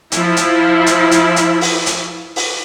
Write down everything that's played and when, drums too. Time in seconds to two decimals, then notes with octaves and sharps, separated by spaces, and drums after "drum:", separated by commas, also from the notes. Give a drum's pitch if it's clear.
0.12 F3 E4, drum: hi-hat
0.37 drum: hi-hat
0.86 drum: hi-hat
1.11 drum: hi-hat
1.36 drum: hi-hat
1.61 drum: open hi-hat
1.86 drum: hi-hat
2.36 drum: open hi-hat